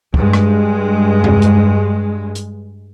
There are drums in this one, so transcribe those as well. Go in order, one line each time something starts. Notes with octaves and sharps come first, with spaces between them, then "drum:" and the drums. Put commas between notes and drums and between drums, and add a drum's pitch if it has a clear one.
G2 G#3, drum: kick
drum: rim click
drum: tom E2
drum: hi-hat
drum: hi-hat